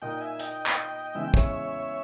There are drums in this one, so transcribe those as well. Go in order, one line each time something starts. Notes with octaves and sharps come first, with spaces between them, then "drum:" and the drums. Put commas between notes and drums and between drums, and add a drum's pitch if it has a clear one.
A#2 A#3 D#4 D#5 G5
E5 G#5
D#5 G5, drum: hi-hat
drum: clap
C#3 E3 G#3 B3 E5
G5
C#5 E5, drum: kick